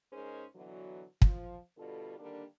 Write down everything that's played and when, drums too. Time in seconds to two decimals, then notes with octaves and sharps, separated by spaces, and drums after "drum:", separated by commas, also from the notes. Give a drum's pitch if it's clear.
0.12 G#2 C#4 D#4 G#4 A#4 C5
0.55 B2 D3 E3 F#3
1.22 F3, drum: kick
1.77 B2 D3 G3 F4 A4
2.19 D3 D#3 G3 A#3 D4